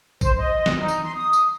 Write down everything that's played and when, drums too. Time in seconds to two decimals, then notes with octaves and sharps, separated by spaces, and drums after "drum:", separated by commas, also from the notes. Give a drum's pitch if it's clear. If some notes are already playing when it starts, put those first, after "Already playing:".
0.21 C5, drum: kick, tambourine
0.38 D#5
0.66 drum: snare
0.79 D#4
0.88 drum: tambourine
1.03 C6
1.16 D#6
1.33 drum: tambourine